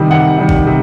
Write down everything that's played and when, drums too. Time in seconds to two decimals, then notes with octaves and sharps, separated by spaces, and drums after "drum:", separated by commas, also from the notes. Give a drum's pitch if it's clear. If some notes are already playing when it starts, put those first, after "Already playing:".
Already playing: C3 D#3 G3
0.10 C3 F#5
0.38 D#3 G3
0.49 drum: kick
0.67 C3